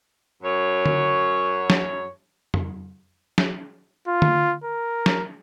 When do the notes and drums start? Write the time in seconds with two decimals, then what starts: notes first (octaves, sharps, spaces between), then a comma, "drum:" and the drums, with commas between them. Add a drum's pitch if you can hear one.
0.43 F#2 C#5
0.86 drum: tom D3
1.70 drum: snare
2.54 drum: tom F2
3.38 drum: snare
4.08 F4
4.22 drum: tom D3
4.64 A#4
5.06 drum: snare